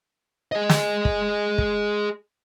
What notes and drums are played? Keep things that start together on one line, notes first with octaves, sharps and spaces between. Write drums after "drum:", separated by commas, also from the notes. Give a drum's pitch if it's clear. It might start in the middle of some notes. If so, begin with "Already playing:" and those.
G#4 D#5
drum: snare
drum: kick
drum: kick